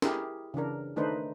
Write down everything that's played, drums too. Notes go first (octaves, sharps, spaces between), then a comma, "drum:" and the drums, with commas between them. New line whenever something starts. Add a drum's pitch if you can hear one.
E4 G4 G#4 A#4, drum: snare
C#3 E3 D4 A#4
D#3 A3 D4 D#4 B4 C5